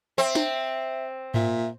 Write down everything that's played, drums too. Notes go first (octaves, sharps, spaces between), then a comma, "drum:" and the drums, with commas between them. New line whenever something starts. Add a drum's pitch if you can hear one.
C4 E5
drum: snare D4
A#2 E5, drum: tom G#2